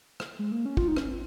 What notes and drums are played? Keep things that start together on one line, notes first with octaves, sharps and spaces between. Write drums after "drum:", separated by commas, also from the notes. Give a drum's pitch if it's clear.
drum: rim click
G#3
A#3
C#4
F4, drum: kick
D#4
C#4, drum: rim click
C4